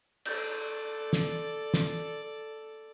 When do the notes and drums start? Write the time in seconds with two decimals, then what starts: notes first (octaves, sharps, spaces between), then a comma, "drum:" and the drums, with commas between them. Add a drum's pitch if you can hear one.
0.25 A4 D5, drum: cymbal
1.13 drum: snare
1.74 drum: snare